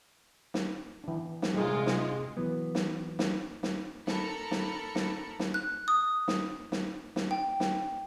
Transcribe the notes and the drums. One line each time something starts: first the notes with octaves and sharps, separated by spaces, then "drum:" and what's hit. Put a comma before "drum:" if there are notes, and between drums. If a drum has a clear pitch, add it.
drum: snare
E3 D4
drum: snare
C3 G3 G#3 F4 G#4 A#4
drum: snare
E3 F#3 B3
drum: snare
drum: snare
drum: snare
A4 A#4 A#5 B5 C#7, drum: snare
drum: snare
drum: snare
drum: snare
F#6
D#6
drum: snare
drum: snare
drum: snare
G5
drum: snare